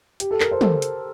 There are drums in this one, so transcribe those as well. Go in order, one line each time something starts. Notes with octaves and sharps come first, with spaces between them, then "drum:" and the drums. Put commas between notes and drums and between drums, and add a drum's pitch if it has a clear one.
G4, drum: hi-hat
A4
A#4, drum: clap
C5
A4, drum: tom
drum: hi-hat